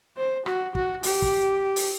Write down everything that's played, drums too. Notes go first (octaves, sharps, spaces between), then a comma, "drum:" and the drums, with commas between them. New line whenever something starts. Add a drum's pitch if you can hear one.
C5
F#4, drum: rim click
F#4, drum: kick
G4, drum: open hi-hat
drum: kick
drum: open hi-hat